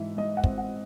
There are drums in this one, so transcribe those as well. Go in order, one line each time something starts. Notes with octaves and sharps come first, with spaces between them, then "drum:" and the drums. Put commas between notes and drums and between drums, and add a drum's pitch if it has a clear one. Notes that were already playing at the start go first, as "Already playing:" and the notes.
Already playing: G#2 E3 E5
G#2 D#5
F#5
C4, drum: kick
F#5